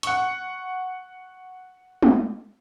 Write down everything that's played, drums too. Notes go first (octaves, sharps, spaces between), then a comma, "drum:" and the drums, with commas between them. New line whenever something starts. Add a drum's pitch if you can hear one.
F#5 C#6, drum: hi-hat
drum: tom